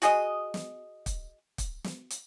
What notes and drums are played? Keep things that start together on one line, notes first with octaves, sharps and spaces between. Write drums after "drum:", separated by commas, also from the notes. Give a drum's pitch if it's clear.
F#4 G#4 D#5, drum: hi-hat
drum: snare
drum: kick, hi-hat
drum: kick, hi-hat
drum: snare
drum: hi-hat